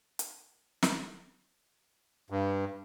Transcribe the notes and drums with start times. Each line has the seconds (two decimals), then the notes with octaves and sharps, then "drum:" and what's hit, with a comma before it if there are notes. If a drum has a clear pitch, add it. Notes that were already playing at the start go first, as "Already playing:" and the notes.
0.19 drum: hi-hat
0.82 drum: snare
2.30 G2